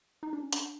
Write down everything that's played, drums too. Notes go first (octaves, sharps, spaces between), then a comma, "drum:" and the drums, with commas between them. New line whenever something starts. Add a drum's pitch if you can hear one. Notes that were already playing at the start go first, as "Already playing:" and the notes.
D#4
D4
C#4
D4, drum: hi-hat